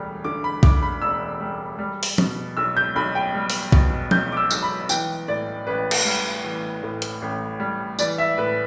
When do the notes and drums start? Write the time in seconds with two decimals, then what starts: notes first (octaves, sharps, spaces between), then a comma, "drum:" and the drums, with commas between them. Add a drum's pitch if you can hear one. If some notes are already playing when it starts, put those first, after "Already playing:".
Already playing: E1 D2 G3
0.24 D3 D6
0.44 B5
0.63 D2 D6, drum: kick
0.82 B5
1.02 E1 E6
1.40 G3
1.79 G3
2.03 drum: open hi-hat
2.18 B2, drum: tom F3
2.57 B1 E6
2.77 G6
2.96 B1 B5
3.15 G5
3.34 G3
3.50 drum: open hi-hat
3.72 B2, drum: kick
4.11 B1 G6, drum: tom F3
4.32 D6
4.37 E6
4.51 B1, drum: tambourine
4.63 B5
4.89 E3 G5, drum: tambourine
5.28 A2 D5
5.67 A1 B4
5.91 drum: cymbal
6.05 G3
6.44 E3
6.83 A2
7.02 drum: hi-hat
7.22 A1
7.60 G3
7.99 E3 D5, drum: tambourine
8.18 E5
8.38 A2 B4